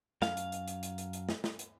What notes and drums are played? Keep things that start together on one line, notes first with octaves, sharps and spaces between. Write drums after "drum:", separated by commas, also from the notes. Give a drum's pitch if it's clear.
F#2 F5, drum: snare
drum: hi-hat
drum: hi-hat
drum: hi-hat
drum: hi-hat
drum: hi-hat
drum: hi-hat
drum: snare
drum: snare
drum: hi-hat